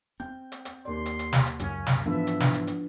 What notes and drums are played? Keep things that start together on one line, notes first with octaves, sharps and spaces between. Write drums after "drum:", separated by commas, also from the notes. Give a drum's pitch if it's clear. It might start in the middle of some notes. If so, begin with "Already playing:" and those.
C4 G6
drum: hi-hat
drum: hi-hat
D#2 D5 C6
drum: hi-hat
drum: hi-hat
drum: snare
drum: hi-hat
C#2 F#2 C#3 C#4, drum: hi-hat
drum: snare
G#2 D3 E3 F3 B3 B4 E5
drum: hi-hat
drum: snare
drum: hi-hat
drum: hi-hat